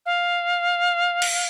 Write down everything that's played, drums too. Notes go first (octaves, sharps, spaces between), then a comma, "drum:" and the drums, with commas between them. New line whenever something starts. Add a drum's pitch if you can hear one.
F5
drum: cymbal